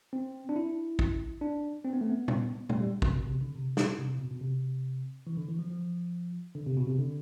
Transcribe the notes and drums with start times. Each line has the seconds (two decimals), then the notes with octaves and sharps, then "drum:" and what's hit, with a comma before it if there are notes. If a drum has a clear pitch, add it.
0.13 C4
0.49 D4
0.56 E4
0.99 drum: kick
1.41 D4
1.84 C4
1.93 B3
2.01 A3
2.09 B3
2.28 drum: tom
2.69 A3, drum: tom
2.80 G3
3.02 C3, drum: kick
3.12 B2
3.27 C3
3.41 D3
3.55 C3
3.77 B2, drum: snare
3.99 C3
4.09 C3
4.19 B2
4.31 B2
4.41 C3
5.27 E3
5.37 D3
5.48 E3
5.59 F3
5.70 F3
6.55 D3
6.66 C3
6.77 B2
6.87 C3
6.98 D3